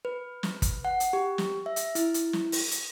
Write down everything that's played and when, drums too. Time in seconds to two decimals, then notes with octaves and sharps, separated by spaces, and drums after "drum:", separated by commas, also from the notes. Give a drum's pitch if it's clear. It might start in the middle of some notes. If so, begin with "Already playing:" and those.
0.05 B4
0.43 drum: snare
0.62 drum: kick, hi-hat
0.85 F#5
1.00 drum: hi-hat
1.13 G4
1.38 drum: snare
1.66 E5
1.76 drum: hi-hat
1.95 E4, drum: hi-hat
2.14 drum: hi-hat
2.33 drum: snare
2.52 drum: open hi-hat
2.71 drum: hi-hat